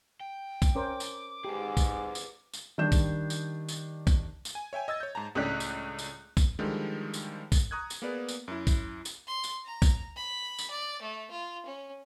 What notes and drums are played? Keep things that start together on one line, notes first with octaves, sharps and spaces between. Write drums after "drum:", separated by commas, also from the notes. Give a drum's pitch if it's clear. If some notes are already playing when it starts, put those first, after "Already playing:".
G5
drum: kick A#1, tambourine
C#4 A#4 C5 D6
drum: tambourine
G#2 G4 G#4 B4
drum: kick A#1, tambourine
drum: tambourine
drum: tambourine
D#3 G3 D4 G6 E7
drum: kick A#1, tambourine
drum: tambourine
drum: tambourine
drum: kick A#1, tambourine
drum: tambourine
G#5
C#5 E5 G5 G#5
D#5 E6 G#6 A6
C#5 G6
G#2 A5 A#5
C#2 A2 C#4 D4 F#6 B6
drum: tambourine
drum: tambourine
drum: kick A#1, tambourine
D3 D#3 F3 G3 G#3
drum: tambourine
drum: kick A#1, tambourine
A#5 C#6 D#6 F#6 G#6
drum: tambourine
A#3 B3 G#4 B4 D5
drum: tambourine
F#2 E4
drum: kick A#1, tambourine
drum: tambourine
C6
drum: tambourine
A#5
drum: kick A#1, tambourine
B5
drum: tambourine
D5
A3
F4
C#4